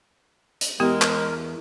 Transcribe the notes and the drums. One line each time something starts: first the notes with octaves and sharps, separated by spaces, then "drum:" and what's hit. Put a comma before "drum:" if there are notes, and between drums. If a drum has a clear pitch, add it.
drum: hi-hat
E2 G#3 B3 G4 A#4
drum: clap